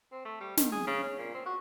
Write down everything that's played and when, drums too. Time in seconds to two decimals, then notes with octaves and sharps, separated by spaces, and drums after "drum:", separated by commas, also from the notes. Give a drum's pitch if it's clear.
0.12 C4
0.25 A3
0.41 G3
0.57 D#3, drum: snare
0.72 G#4
0.87 C#3
1.03 C#4
1.18 A#2
1.34 C4
1.46 F#4